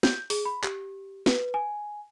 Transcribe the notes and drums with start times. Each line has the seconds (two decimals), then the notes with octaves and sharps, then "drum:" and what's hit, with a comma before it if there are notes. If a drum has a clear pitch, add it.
0.03 G6, drum: snare
0.30 G#4, drum: open hi-hat
0.45 B5
0.64 G4, drum: clap
1.26 B4, drum: snare
1.54 G#5